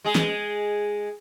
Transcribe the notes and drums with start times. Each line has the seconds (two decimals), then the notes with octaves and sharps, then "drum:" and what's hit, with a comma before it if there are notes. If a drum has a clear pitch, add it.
0.04 G#3 G#4
0.15 drum: snare